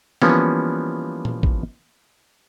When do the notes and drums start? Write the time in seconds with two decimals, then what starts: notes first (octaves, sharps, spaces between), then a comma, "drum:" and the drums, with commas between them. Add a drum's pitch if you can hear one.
0.22 E3 F3 G3 A#3 B3 C#4, drum: snare
1.25 drum: tom A#2
1.43 drum: kick A1